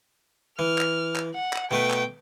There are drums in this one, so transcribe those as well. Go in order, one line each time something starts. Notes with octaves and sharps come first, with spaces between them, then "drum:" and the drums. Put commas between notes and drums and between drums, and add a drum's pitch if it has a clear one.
E3 F6
drum: clap
drum: clap
F#5
drum: clap
B2 A3 B4 G5
drum: clap